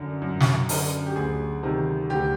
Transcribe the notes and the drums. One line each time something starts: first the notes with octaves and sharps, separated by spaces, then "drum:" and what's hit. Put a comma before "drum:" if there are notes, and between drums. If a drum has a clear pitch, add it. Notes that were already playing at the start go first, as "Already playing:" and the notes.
Already playing: F#2 D3
F#2
drum: snare
D3, drum: open hi-hat
G4
D2 G#4
C3 D#3
D2 G4